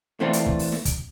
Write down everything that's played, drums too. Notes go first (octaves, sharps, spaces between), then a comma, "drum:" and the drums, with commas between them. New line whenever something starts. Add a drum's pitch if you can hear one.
E3 A3 C4 D4 F4
drum: hi-hat
drum: kick
drum: open hi-hat
drum: snare
drum: kick, hi-hat